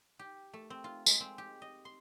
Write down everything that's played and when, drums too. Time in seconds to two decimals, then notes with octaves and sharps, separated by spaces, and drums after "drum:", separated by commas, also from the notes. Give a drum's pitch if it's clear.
0.19 G4
0.53 A3
0.70 C4
0.84 F4
1.06 G#3, drum: tambourine
1.20 C4
1.38 G4
1.62 D#5
1.85 C6